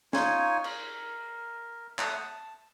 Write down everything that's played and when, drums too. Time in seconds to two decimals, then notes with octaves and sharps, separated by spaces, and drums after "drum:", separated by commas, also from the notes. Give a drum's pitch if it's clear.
0.13 D#4 F4 C#5 G#5, drum: snare
0.64 A#4, drum: cymbal
1.99 A3 F#5 A5 D#6, drum: clap
2.19 A5